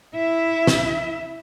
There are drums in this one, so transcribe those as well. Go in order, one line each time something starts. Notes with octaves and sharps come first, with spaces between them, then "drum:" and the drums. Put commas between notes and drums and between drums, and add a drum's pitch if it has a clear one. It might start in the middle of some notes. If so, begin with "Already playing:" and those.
E4 E5
drum: snare